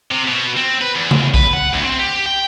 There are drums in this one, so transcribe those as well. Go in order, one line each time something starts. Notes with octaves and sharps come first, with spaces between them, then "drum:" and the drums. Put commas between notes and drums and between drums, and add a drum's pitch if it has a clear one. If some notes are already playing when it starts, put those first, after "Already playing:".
C3
B2
C4
B4
E2
drum: tom C#3
B4, drum: kick
F#5
D2
C4
G4
G5